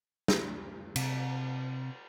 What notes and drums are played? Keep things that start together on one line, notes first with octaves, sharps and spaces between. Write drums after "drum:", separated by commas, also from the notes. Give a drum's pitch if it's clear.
drum: snare
C3, drum: cymbal